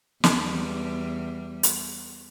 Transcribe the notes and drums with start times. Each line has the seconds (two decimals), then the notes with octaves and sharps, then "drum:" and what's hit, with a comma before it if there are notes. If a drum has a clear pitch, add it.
0.24 E2 G3, drum: snare
1.63 drum: hi-hat